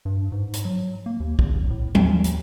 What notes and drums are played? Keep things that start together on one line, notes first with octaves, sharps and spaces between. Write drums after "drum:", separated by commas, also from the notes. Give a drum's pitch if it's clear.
G2
G#2
drum: hi-hat
F#3
A#3
D#2
E2, drum: kick
A1
A2
D#2, drum: tom F3
drum: hi-hat